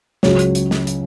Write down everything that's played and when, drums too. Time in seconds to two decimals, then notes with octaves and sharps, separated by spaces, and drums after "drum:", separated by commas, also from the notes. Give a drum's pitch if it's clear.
0.23 C#2 C#3 F#3 C#5, drum: snare
0.39 drum: hi-hat
0.55 drum: hi-hat
0.71 drum: snare
0.87 drum: hi-hat